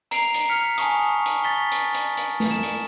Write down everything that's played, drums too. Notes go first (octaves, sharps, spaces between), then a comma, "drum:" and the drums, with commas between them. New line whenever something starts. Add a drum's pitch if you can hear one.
A#5 C7 D7 F7, drum: hi-hat
drum: hi-hat
F6 B6 C#7 F7
G#5 A5 C#6 D#6, drum: hi-hat
C#6
drum: hi-hat
C#6 A6 B6 G7
drum: hi-hat
drum: hi-hat
drum: hi-hat
drum: snare
E7
drum: hi-hat